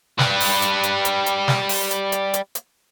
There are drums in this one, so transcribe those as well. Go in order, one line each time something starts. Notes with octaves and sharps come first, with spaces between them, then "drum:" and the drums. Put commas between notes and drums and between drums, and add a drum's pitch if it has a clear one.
G3 B4, drum: snare
drum: open hi-hat
drum: hi-hat
drum: hi-hat
drum: hi-hat
drum: hi-hat
drum: snare
drum: open hi-hat
drum: hi-hat
drum: hi-hat
drum: hi-hat
drum: hi-hat